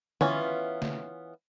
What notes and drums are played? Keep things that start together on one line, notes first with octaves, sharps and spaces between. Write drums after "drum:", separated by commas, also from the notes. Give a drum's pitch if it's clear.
E3 B3 C#4 F4, drum: tom
drum: snare